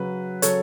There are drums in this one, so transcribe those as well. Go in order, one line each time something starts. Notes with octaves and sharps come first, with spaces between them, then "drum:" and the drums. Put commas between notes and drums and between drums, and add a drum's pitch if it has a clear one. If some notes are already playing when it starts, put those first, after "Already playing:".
Already playing: C#3 F#3 B4
C#3 F#3 A4 C#5, drum: hi-hat